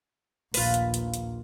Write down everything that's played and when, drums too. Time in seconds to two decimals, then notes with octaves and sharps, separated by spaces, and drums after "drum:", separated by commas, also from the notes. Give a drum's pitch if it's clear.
0.54 A#1 D#2 F4 B4, drum: open hi-hat
0.74 drum: hi-hat
0.94 drum: hi-hat
1.14 drum: hi-hat